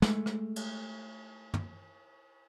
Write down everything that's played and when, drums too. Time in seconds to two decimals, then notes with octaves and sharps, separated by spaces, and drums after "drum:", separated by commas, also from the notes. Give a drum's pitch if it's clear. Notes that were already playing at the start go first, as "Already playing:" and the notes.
0.02 G#3 A3, drum: snare
0.26 drum: rim click
0.56 drum: cymbal
1.54 drum: tom